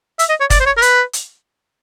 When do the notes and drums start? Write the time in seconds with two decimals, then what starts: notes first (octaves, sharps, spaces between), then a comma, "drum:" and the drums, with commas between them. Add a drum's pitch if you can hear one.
0.19 E5, drum: hi-hat
0.29 D#5
0.40 C#5
0.50 D5, drum: kick, hi-hat
0.60 C5
0.66 C#5
0.77 A#4
0.82 B4, drum: hi-hat
1.13 drum: hi-hat